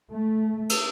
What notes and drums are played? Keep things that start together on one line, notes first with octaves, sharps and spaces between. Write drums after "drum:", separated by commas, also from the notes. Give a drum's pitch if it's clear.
A3
drum: cymbal